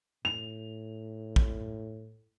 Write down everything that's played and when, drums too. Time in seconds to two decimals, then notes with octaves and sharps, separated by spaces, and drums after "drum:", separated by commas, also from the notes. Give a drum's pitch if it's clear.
0.25 A2 F7
1.36 drum: kick